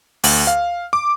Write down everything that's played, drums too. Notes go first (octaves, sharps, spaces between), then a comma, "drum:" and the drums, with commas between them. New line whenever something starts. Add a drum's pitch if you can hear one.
D2, drum: open hi-hat
F5
D6